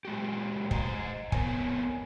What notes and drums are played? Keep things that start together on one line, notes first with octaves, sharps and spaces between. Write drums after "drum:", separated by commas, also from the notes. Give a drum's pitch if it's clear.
A#2 G#3 F#4 G4
C5 D#5 A#5, drum: kick
F2 B3 A#4 C#5 G#5, drum: kick